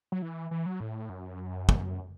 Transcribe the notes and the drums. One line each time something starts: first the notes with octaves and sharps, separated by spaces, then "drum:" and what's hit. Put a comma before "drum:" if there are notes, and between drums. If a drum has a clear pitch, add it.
F#3
E3
E3
F#3
A2
F#2
drum: kick